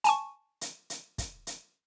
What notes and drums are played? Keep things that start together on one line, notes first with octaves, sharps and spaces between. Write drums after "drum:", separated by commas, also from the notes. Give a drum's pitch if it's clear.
G#5 A5 C#6, drum: hi-hat
drum: hi-hat
drum: hi-hat
drum: kick, hi-hat
drum: hi-hat